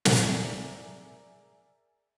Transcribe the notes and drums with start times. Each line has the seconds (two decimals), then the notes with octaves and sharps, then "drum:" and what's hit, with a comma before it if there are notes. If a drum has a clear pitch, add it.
0.05 G#4 A#4 D5 E5 G5 A#5, drum: snare